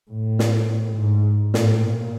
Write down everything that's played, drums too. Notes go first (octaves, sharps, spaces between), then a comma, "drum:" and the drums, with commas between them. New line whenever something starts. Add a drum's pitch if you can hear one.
A2
drum: snare
G#2
A2, drum: snare
A#2